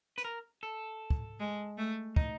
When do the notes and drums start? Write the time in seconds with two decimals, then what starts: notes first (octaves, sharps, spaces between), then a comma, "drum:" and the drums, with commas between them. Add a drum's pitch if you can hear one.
0.18 B4, drum: hi-hat
0.25 A#4
0.63 A4
1.10 drum: kick
1.40 G#3
1.78 A3
2.16 D#4, drum: kick